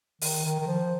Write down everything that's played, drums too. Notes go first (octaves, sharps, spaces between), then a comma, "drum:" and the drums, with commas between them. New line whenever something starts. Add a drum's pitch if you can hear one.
D#3, drum: open hi-hat
D#3
D#3
F3